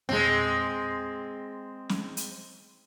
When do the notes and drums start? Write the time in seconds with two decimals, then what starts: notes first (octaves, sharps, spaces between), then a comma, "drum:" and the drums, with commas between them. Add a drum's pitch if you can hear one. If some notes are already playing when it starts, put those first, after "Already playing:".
0.09 G#3 C4, drum: tom
1.89 drum: snare
2.17 drum: hi-hat